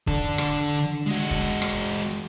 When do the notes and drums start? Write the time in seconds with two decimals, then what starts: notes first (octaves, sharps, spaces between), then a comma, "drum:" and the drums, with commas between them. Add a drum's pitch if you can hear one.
0.07 D3 A4, drum: kick F1
0.38 drum: rim click
1.07 G#3 F#4
1.31 drum: kick F1
1.62 drum: rim click